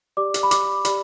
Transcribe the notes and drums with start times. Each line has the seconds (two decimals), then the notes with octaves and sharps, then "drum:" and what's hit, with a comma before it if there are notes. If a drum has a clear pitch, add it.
0.17 G4 D5 D6
0.34 drum: hi-hat
0.43 B5
0.51 D6, drum: hi-hat
0.85 G4 D5 B5, drum: hi-hat